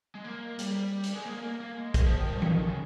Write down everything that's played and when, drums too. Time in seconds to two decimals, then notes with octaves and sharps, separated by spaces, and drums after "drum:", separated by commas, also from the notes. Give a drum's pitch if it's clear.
0.15 G#3
0.24 A#3
0.59 G3, drum: hi-hat
1.04 drum: hi-hat
1.14 G#3
1.26 A#3
1.43 A#3
1.60 A#3
1.77 G#3
1.94 D#3, drum: kick, hi-hat
2.06 F3
2.19 D#3
2.32 G3
2.42 F3, drum: tom E3
2.52 D#3
2.62 C#3